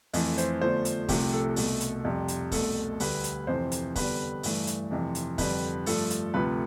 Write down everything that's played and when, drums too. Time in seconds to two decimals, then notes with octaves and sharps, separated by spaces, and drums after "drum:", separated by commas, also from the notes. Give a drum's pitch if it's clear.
0.13 F2 E3 A3, drum: open hi-hat
0.38 C5, drum: hi-hat
0.61 E2 D3 F3 A3 C5
0.85 drum: hi-hat
1.09 C2 C3 F3 A3 G4, drum: kick, open hi-hat
1.33 A4
1.56 C2 B2 A3, drum: open hi-hat
1.81 drum: hi-hat
2.05 F2 C3 G3
2.28 drum: hi-hat
2.52 C2 B2 A3 A4, drum: kick, open hi-hat
3.00 D2 D3 G3 B4, drum: open hi-hat
3.24 drum: hi-hat
3.47 F2 C3 E3 C5
3.72 drum: hi-hat
3.96 E2 D3 G3 B4, drum: kick, open hi-hat
4.43 G2 E3 A3, drum: open hi-hat
4.67 drum: hi-hat
4.91 F2 C3 E3
5.15 drum: hi-hat
5.38 F2 D3 G3 B4, drum: kick, open hi-hat
5.86 G2 F3 A3 A4, drum: open hi-hat
6.10 drum: hi-hat
6.34 D2 C3 F3 A3 B4